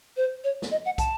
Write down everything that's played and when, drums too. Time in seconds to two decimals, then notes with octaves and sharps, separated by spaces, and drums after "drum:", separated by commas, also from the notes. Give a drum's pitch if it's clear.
0.17 C5
0.44 C#5
0.62 drum: snare
0.71 D#5
0.85 F#5
0.98 A5, drum: kick, hi-hat